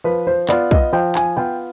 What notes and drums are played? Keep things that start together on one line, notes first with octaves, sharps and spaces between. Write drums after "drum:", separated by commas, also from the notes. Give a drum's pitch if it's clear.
F3 B4
C5
B3 F4 D5, drum: clap
D#5, drum: kick
F3 G5
G#5, drum: clap
B3 F4 G5